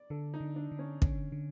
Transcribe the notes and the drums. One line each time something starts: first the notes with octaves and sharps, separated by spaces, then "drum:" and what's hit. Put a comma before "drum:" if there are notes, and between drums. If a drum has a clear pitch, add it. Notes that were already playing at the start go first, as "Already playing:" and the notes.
Already playing: D5
D3 A4
D#4
D3
D4
D3
C#4
D3 C#4, drum: kick
D3